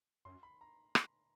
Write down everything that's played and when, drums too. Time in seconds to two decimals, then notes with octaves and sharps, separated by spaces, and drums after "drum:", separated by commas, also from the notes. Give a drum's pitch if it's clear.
0.25 F#2 C6
0.43 B5
0.61 A#5
0.95 drum: rim click